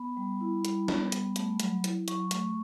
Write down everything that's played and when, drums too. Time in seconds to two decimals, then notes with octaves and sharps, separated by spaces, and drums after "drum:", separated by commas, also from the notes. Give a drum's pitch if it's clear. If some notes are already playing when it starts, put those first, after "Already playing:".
Already playing: B3 B5
0.17 G3
0.41 E4
0.65 G3, drum: hi-hat
0.88 B3, drum: snare
1.12 G3, drum: hi-hat
1.36 A3, drum: hi-hat
1.60 F#3, drum: hi-hat
1.84 E4, drum: hi-hat
2.08 F#3 C#6, drum: hi-hat
2.31 A3, drum: hi-hat